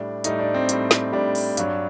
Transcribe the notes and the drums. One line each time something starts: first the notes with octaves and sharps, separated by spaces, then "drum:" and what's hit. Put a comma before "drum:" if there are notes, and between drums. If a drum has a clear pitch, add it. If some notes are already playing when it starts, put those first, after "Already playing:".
Already playing: A2 G3 D4
A2 G3 D#4, drum: hi-hat
D4
C4
A2 G3, drum: hi-hat
drum: snare
A2 G3 D4
drum: open hi-hat
G2 F#3, drum: hi-hat